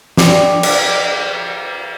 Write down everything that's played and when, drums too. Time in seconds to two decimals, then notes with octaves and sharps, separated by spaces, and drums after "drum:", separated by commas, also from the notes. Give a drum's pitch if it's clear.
0.17 G4 D5, drum: snare
0.63 drum: cymbal